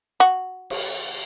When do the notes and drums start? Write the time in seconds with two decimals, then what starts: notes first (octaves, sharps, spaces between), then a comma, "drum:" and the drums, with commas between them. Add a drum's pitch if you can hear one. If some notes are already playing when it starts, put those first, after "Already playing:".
0.20 F#4
0.70 drum: cymbal